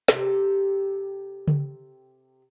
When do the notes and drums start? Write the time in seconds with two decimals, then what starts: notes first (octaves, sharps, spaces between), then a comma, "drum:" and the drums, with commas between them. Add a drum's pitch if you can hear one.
0.08 C3 G4 A4, drum: snare
1.48 drum: tom C#3